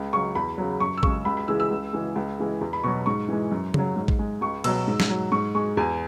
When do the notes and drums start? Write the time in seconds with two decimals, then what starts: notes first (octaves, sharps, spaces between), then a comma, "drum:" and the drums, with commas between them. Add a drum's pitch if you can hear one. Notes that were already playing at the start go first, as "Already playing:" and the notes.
Already playing: C#2
0.13 C#3 F#3 C#6
0.35 E2 B5
0.58 C#3 F#3
0.80 F#2 C#6
0.97 E6
1.03 C#3 G#3 C#6, drum: kick
1.25 C#2 B5
1.37 B5
1.48 C#3 E3 G#3 E6
1.60 E6
1.71 C#2
1.93 C#3 E3 G#3
2.16 C#2
2.38 C#3 E3 G#3
2.61 E2
2.73 B5
2.84 B2 F#3 C#6
3.06 G#2 C#6
3.29 E3 G#3
3.51 F#2
3.74 C#3 F#3, drum: tom C#3
3.96 G#2
4.08 drum: kick
4.19 G#3
4.41 C#2 C#6
4.64 B2 F#3 E6, drum: cymbal
4.88 G#2
5.00 drum: snare
5.09 F#3
5.32 G#2 C#6
5.55 G#3 C#6
5.77 E2 G#5